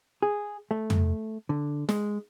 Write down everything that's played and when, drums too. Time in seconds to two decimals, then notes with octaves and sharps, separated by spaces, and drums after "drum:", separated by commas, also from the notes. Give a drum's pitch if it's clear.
0.22 G#4
0.71 A3
0.90 drum: tom
1.49 D3
1.89 G#3, drum: snare